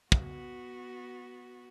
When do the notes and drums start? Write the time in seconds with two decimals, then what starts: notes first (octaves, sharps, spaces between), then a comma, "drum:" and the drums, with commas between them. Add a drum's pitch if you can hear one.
0.12 B3 F#4, drum: kick